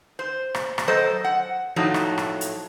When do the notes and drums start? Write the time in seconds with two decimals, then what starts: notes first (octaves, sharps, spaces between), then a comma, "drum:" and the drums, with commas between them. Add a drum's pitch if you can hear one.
0.19 C5
0.55 drum: rim click
0.78 drum: rim click
0.88 F#3 A4 C5 D#5
1.24 F#5
1.76 A2 F3 F#3 A3 D#4
1.94 drum: rim click
2.18 drum: rim click
2.41 drum: hi-hat